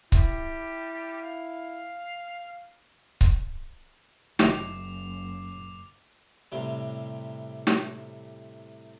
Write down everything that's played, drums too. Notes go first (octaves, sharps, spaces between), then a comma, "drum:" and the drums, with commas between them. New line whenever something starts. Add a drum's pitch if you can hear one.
G3 E4 G4, drum: kick C#1
F5
drum: kick C#1
F#1 D#3 E4 D6 C7 F7, drum: snare
A2 C3 G3
drum: snare